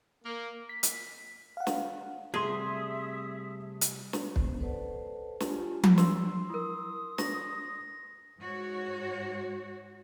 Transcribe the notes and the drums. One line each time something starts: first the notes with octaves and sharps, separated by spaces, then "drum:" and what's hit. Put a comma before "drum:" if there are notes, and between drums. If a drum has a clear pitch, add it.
A#3
B6
drum: hi-hat
F5 F#5
drum: snare
C3 G3 A3 G#4 E5 C6 D#6 G#6
drum: hi-hat
drum: snare
G#3 B3 C#4 C5, drum: kick
A4 B4 C5 D5 F#5 A5
D4 F4 G4 G#5 A5, drum: snare
drum: tom F3
C6 E6, drum: snare
E4 A#4 D#6
C#6 A#6, drum: snare
G#2 F#4 C#5